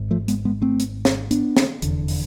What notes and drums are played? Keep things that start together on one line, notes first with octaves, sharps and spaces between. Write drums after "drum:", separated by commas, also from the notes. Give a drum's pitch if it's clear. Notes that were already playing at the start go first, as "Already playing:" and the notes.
Already playing: G#1 G#2
F3 A3
G#3 B3, drum: hi-hat
G#3 B3
A3 C4
drum: hi-hat
drum: snare
B3 D4, drum: hi-hat
drum: snare
F1 E2 D3, drum: hi-hat
drum: open hi-hat